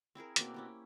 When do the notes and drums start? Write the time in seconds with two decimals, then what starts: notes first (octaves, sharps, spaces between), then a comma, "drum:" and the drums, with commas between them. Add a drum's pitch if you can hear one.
0.15 C4 E4 G#4 A#4
0.36 B2 A#3 C4 D5, drum: hi-hat
0.54 C#4 E4 G4